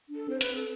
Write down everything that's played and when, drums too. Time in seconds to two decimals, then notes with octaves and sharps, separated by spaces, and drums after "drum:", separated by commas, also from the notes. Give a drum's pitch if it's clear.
0.09 D4
0.15 A4
0.28 C4 C5
0.41 B4, drum: hi-hat
0.48 C4
0.55 A4